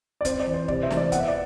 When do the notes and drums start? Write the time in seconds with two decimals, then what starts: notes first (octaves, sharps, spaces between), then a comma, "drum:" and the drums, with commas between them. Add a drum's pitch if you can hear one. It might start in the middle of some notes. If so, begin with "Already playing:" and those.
0.21 D5
0.25 C4 C5, drum: kick, hi-hat
0.40 D5
0.47 E3
0.54 C5
0.68 C3 D5, drum: kick
0.82 C5 E5
0.90 E3, drum: snare
0.97 D5
1.12 B3 F#5, drum: kick, hi-hat
1.20 E5
1.28 D5